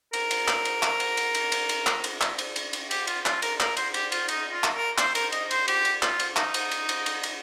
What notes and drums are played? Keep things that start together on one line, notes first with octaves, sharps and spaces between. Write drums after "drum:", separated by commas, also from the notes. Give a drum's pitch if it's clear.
A#4, drum: cymbal
drum: cymbal
drum: clap
drum: cymbal
drum: clap
drum: cymbal
drum: cymbal
drum: cymbal
drum: cymbal
drum: cymbal
drum: clap
drum: cymbal
drum: clap
drum: cymbal
drum: cymbal
drum: cymbal
G4, drum: cymbal
F4, drum: cymbal
F4, drum: clap
A#4, drum: cymbal
A#4, drum: clap
C5, drum: cymbal
G4, drum: cymbal
F4, drum: cymbal
D#4, drum: cymbal
F4
drum: clap
A#4
C5, drum: clap
A#4, drum: cymbal
D#5, drum: cymbal
C5, drum: cymbal
G4, drum: cymbal
drum: cymbal
F4, drum: clap
drum: cymbal
D#4, drum: clap
drum: cymbal
drum: cymbal
drum: cymbal
drum: cymbal
drum: cymbal